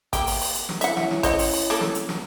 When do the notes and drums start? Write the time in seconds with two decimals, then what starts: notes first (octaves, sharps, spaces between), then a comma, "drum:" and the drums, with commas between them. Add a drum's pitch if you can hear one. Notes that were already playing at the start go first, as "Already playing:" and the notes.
0.13 A#3 G4, drum: kick G#1, hi-hat
0.27 drum: open hi-hat
0.41 drum: open hi-hat
0.55 drum: hi-hat
0.69 drum: snare
0.81 C#4 E4 E5 F#5, drum: hi-hat
0.97 drum: snare
1.11 drum: snare
1.23 C5 D#5 F#5, drum: kick G#1, hi-hat
1.39 drum: open hi-hat
1.53 drum: open hi-hat
1.70 A#3 A4
1.81 drum: snare
1.95 drum: hi-hat
2.09 drum: snare